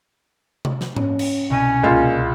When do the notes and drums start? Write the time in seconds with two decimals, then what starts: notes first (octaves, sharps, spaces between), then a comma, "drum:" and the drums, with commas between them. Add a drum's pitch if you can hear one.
0.65 drum: tom C3
0.81 drum: snare
0.96 C#4, drum: tom G#2
1.19 drum: cymbal
1.50 C2 B2 C#4 D#7
1.83 C#2 A#2 F4 C6